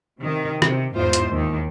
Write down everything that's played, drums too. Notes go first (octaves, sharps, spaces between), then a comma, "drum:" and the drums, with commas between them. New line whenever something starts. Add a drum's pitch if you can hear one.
C3 D#3
C3, drum: rim click
E2 G#2 F4 C5
drum: hi-hat
D#2 D#3